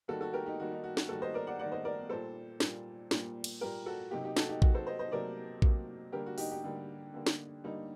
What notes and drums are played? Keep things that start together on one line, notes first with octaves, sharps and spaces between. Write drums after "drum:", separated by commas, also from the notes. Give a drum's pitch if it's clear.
D#3 G3 A#3 F#4 A4
F#4 A4
G4 A#4
D#4 G4
D#3 G3 A#3 F#4
D#4
F#4
F#4, drum: snare
D#3 G3 A#3 F#4 A4
C5 D#5
A#4 D5
D5 F#5
D#3 G3 A#3 D5 F#5
C5 D#5
A#4 D5
A#2 G3 A#3 A4 C5
A#2 G3 A#3, drum: snare
A#2 G3 A#3, drum: snare
drum: cymbal
A#2 G3 A#3 G4 A#4
F#4 A4
C3 F#3 A#3 D#4 G4
D#4 G4
F#4 A4, drum: snare
D#4 G4
C3 F#3 A#3 F#4, drum: kick A#1
A4 C5
C5 D#5
C5 D#5
C3 F#3 A#3 A#4 D5
C3 F#3 A#3, drum: kick A#1
D3 G3 A#3 G4 A#4
F#4
D#4 G4, drum: open hi-hat
D#4 G4
D3 G3 A#3
D3 G3 A#3
drum: snare
D3 G3 A#3 D#4